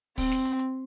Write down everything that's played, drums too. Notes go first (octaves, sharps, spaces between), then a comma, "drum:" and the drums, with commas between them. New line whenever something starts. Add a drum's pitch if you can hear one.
C4, drum: kick, open hi-hat
drum: snare
drum: hi-hat
drum: hi-hat